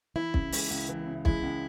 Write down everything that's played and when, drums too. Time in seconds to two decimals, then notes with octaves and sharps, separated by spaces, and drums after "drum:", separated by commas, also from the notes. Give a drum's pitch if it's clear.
0.16 E3 E4
0.34 C#3, drum: kick
0.52 G#3, drum: open hi-hat
0.70 C#2
0.89 E3
1.07 C#3
1.25 G#3 E4, drum: kick
1.43 C#2